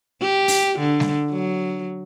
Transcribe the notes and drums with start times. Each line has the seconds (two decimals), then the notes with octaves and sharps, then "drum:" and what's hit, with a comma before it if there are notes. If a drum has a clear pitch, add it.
0.22 G4
0.48 drum: open hi-hat
0.79 D3
1.00 drum: snare G3
1.31 F#3